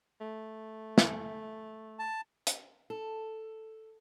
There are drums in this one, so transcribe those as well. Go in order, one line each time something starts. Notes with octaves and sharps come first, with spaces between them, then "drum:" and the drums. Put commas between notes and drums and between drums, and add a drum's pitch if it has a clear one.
A3
drum: snare
A5
drum: hi-hat
A4